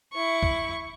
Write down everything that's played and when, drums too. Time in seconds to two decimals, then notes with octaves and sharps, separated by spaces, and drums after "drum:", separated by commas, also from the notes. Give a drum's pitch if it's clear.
0.13 E4 C#6
0.43 drum: kick